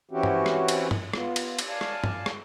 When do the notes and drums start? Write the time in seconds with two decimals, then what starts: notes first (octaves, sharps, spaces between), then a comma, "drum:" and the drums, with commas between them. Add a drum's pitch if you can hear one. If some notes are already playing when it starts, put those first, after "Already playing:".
0.11 E3 C4 C#4 E4 F#4 G4
0.23 drum: tom
0.46 drum: rim click
0.68 drum: cymbal
0.91 drum: tom
1.13 B3 F4, drum: rim click
1.36 drum: cymbal
1.59 drum: cymbal
1.68 D5 F5 G#5 A5
1.81 drum: rim click
2.04 drum: tom
2.26 drum: rim click